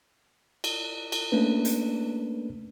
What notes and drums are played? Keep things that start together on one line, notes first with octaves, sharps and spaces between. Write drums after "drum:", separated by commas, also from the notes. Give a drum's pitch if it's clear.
drum: cymbal
drum: cymbal
A3 A#3 C#4 D4 B4
drum: hi-hat